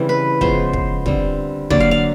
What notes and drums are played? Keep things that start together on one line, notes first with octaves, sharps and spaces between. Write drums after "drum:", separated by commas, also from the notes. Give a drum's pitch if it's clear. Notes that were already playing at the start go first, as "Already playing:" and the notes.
Already playing: C#3 E3 G3 C4
B4
C#3 F3 G#3 B3 C5, drum: kick
drum: kick
D3 G3 C4, drum: kick
D3 F#3 A#3 D5, drum: kick
F5
F5